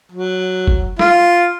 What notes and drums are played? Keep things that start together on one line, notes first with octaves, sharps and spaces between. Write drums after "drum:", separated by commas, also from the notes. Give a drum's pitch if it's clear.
F#3
drum: kick F#1
F4, drum: snare